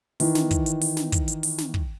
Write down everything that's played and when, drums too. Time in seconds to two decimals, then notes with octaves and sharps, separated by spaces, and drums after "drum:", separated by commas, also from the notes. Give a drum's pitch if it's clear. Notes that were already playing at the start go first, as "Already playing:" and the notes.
0.20 D#3 E3, drum: open hi-hat
0.35 drum: snare
0.51 drum: kick, hi-hat
0.66 drum: hi-hat
0.81 drum: open hi-hat
0.97 drum: snare
1.12 drum: kick, hi-hat
1.28 drum: hi-hat
1.43 drum: open hi-hat
1.58 drum: snare
1.74 drum: kick